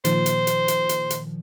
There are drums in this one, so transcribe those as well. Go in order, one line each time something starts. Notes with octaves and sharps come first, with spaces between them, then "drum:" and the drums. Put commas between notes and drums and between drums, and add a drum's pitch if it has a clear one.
A#2 D#3 F3 C5, drum: hi-hat
drum: hi-hat
drum: hi-hat
drum: hi-hat
drum: hi-hat
drum: hi-hat